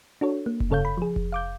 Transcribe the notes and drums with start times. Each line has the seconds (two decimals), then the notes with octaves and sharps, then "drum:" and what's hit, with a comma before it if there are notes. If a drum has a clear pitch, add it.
0.21 D4 F#4 A4 C#5
0.46 A#3
0.60 drum: kick F1
0.70 G2 C#3 A4 C#5 F5 G6
0.85 B5
0.98 F3 G#4
1.16 drum: kick F1
1.32 F5 D6 G6